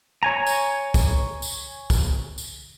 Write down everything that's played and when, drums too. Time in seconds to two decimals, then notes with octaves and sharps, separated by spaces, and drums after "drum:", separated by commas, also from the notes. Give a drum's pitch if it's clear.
0.23 C#5 G#5 A#5
0.47 drum: tambourine
0.94 drum: kick, tambourine
1.42 drum: tambourine
1.90 drum: kick, tambourine
2.38 drum: tambourine